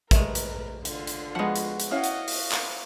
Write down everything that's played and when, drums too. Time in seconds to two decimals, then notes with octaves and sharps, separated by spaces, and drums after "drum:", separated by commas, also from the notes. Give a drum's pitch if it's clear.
0.11 G#3 A3 A#4 B4, drum: kick, hi-hat
0.35 drum: hi-hat
0.85 D3 F4, drum: hi-hat
1.07 drum: hi-hat
1.35 F3 G#3 B3 F#4 F#5
1.56 drum: hi-hat
1.80 drum: hi-hat
1.91 C#4 E4 F#4 D#5 F5
2.04 drum: hi-hat
2.28 drum: open hi-hat
2.52 drum: clap